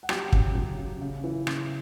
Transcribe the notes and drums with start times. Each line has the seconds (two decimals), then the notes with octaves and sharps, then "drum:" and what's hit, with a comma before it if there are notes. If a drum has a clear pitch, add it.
0.03 F#5
0.09 F#3 G4 G5, drum: rim click
0.33 C#3, drum: kick
0.55 F#3
0.78 C#3
1.01 C#3
1.24 E3
1.47 C#3, drum: rim click